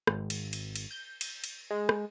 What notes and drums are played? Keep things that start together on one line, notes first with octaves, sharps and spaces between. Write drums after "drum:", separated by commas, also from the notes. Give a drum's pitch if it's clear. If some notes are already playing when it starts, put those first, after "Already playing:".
G#1, drum: rim click
drum: cymbal
drum: cymbal
drum: cymbal
G6
drum: cymbal
drum: cymbal
G#3
drum: rim click